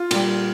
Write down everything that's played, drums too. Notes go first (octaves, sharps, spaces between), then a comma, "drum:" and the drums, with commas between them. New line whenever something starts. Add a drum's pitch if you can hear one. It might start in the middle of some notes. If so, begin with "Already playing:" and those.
Already playing: F4
A#2 G3, drum: cymbal